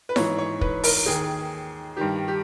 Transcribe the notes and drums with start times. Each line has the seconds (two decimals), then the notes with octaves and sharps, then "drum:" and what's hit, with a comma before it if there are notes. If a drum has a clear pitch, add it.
0.09 B4
0.16 G#2 E3 C#5, drum: snare E4
0.38 C#5
0.61 B4, drum: kick
0.84 A#4, drum: open hi-hat
1.06 D#2 D#3 G#4
1.97 G2 D#3 G4
2.28 G4